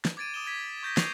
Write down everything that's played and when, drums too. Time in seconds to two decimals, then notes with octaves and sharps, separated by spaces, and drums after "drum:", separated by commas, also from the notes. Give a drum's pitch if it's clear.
0.05 drum: snare
0.17 D6 G#6 A6 D7 D#7
0.34 D6 D#6 E7 G7
0.46 G#6 B6
0.83 C#6 G6 A#6 B6
0.97 C#6 D6 C7 D7 D#7 F7, drum: snare